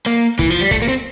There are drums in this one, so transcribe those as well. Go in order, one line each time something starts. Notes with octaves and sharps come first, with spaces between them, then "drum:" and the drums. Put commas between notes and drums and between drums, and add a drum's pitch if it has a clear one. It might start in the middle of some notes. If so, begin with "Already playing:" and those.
A#3, drum: hi-hat
E3, drum: kick, hi-hat
F3
G3
A3, drum: kick, hi-hat
A#3
C4